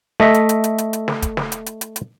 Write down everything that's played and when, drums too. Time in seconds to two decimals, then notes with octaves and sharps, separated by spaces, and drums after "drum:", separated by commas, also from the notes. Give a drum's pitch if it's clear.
0.20 A3 D#5 E5, drum: snare
0.34 drum: hi-hat
0.49 drum: hi-hat
0.64 drum: hi-hat
0.78 drum: hi-hat
0.93 drum: hi-hat
1.08 drum: snare
1.22 drum: kick, hi-hat
1.37 drum: snare
1.52 drum: hi-hat
1.66 drum: hi-hat
1.81 drum: hi-hat
1.96 drum: hi-hat